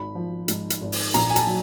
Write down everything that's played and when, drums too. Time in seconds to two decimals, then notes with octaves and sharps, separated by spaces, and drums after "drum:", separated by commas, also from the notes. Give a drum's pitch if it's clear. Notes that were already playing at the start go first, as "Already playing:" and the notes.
Already playing: G#1 B5
0.15 F3
0.48 G#2, drum: hi-hat
0.70 drum: hi-hat
0.81 G#1
0.92 drum: open hi-hat
1.14 A#1 A#5, drum: hi-hat
1.30 G#5
1.36 A5, drum: hi-hat
1.47 F#3